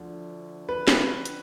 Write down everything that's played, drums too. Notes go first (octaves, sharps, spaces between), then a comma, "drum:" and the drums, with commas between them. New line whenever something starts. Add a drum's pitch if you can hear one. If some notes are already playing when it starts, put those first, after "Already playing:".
Already playing: D2 D3 F3 D4
B4
drum: snare
drum: hi-hat